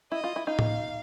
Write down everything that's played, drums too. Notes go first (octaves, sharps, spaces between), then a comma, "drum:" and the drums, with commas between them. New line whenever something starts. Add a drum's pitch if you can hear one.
E4 D#5
F4
E4
D#4 F5
drum: tom A2